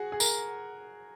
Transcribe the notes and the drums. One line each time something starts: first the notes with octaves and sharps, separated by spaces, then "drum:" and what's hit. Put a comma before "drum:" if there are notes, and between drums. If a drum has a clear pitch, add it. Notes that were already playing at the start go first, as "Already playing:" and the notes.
Already playing: F#4 G#4
G#4
A#4, drum: tambourine